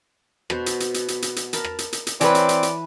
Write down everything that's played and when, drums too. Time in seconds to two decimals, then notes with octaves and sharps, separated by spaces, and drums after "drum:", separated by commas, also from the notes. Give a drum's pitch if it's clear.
0.50 B2 F#4 C5, drum: rim click
0.66 drum: hi-hat
0.80 drum: hi-hat
0.94 drum: hi-hat
1.08 drum: hi-hat
1.22 drum: hi-hat
1.36 drum: hi-hat
1.53 A#4 A5 B5, drum: hi-hat
1.64 drum: rim click
1.79 drum: hi-hat
1.93 drum: hi-hat
2.07 drum: hi-hat
2.21 E3 C4 B4 C#5 D5 F#5 G#5, drum: hi-hat
2.35 drum: hi-hat
2.49 drum: hi-hat
2.63 drum: hi-hat